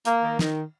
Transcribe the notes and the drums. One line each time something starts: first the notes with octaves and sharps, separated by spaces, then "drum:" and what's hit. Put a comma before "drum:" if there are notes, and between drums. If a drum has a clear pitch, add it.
A#3, drum: hi-hat
D#3
D#3, drum: snare